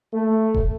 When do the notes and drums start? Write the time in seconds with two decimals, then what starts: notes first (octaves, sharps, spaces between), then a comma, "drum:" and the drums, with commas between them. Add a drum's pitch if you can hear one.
0.12 A3
0.54 drum: kick D#1